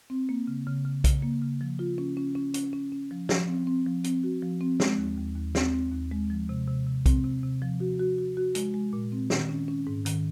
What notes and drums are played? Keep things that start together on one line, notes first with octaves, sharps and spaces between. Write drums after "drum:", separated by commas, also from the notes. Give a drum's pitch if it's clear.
C4
A#3
C#3
C#3
C#3
C#3, drum: kick B1, hi-hat
A#3
C#3
F3
F4
C#4
C#4
C#4
C#4, drum: hi-hat
C#4
C#4
F3
F3, drum: snare
C4
C4
F3
C4, drum: hi-hat
F#4
F3
C4
G#3, drum: snare
D#2
D#2
D#2
C4, drum: snare
C4
D#2
G#3
F3
C3
C3
C3
C4, drum: kick B1, hi-hat
C3
C3
F3
F#4
F#4
F#4
F#4
G#3, drum: hi-hat
G#3
A#2
C4
D#3, drum: snare
C#4
C#4
G#2
D#3, drum: hi-hat